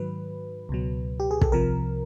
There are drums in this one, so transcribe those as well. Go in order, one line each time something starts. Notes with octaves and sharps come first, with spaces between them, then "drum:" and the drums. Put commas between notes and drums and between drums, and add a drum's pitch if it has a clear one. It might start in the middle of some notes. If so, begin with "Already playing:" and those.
Already playing: G#2 D#3 F#3 B4
C#2 B2 F#3
G4
G#4
A4, drum: kick
C2 C3 F3 A#4